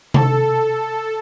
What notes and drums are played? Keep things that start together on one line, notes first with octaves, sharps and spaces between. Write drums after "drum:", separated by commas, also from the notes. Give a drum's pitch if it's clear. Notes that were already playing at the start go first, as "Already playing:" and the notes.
A4, drum: tom C3